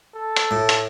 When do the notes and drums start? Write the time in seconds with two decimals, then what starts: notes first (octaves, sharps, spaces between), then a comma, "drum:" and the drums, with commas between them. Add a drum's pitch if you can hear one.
0.15 A4
0.36 drum: hi-hat
0.51 A2
0.69 drum: hi-hat